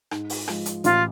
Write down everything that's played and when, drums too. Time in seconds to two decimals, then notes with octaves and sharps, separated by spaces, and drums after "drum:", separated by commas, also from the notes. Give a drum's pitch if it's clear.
0.11 G#2, drum: rim click
0.30 drum: open hi-hat
0.48 F3 G#3, drum: rim click
0.66 drum: hi-hat
0.84 A1 F4, drum: hi-hat